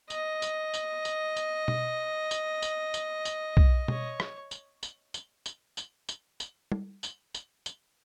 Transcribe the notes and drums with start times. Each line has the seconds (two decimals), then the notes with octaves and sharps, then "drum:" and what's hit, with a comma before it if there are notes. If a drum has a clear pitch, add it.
0.10 D#5, drum: tambourine
0.42 drum: tambourine
0.74 drum: tambourine
1.05 drum: tambourine
1.37 drum: tambourine
1.68 drum: tom B2
2.31 drum: tambourine
2.62 drum: tambourine
2.94 drum: tambourine
3.25 drum: tambourine
3.57 drum: kick
3.88 C#5, drum: tom B2
4.20 drum: rim click
4.51 drum: tambourine
4.83 drum: tambourine
5.14 drum: tambourine
5.46 drum: tambourine
5.77 drum: tambourine
6.09 drum: tambourine
6.40 drum: tambourine
6.72 drum: tom
7.03 drum: tambourine
7.34 drum: tambourine
7.66 drum: tambourine